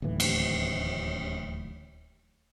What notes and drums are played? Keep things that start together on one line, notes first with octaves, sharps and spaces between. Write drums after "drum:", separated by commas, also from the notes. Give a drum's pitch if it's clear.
D1 D#2 A2 E3
drum: cymbal